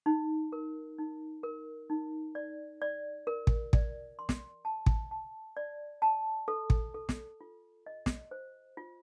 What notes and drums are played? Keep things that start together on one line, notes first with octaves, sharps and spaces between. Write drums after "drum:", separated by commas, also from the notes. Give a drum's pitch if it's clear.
D#4
A#4
D#4
A#4
D#4
D5
D5
A#4
drum: kick
D5, drum: kick
C6
drum: snare
A5
drum: kick
A5
D5
A5
A4
drum: kick
A4
drum: snare
F4
D#5
drum: snare
C5
F4